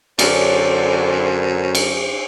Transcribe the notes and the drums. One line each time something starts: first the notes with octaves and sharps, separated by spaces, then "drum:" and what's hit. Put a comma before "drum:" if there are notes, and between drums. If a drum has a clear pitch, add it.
F#2 D3 C#4 C5 D5, drum: cymbal
drum: cymbal